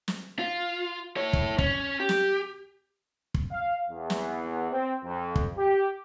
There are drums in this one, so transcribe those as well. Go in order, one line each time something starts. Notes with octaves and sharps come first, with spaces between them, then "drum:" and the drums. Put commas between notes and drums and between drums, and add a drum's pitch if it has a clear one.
drum: snare
F4
E4 C#5
drum: kick
C#4, drum: kick
G4
drum: snare
drum: kick
F5
E2
drum: snare
C4
F2
drum: kick
G4